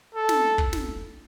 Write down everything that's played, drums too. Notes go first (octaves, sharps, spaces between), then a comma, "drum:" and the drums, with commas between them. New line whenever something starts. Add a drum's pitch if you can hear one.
A4
drum: snare
drum: kick
drum: snare